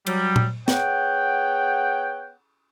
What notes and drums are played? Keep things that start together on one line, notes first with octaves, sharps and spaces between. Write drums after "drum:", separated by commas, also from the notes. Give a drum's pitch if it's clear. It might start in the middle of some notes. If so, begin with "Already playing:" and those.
F#3 G3, drum: cymbal
drum: tom A#2
B3 G#4 C#5 F#5 G5, drum: snare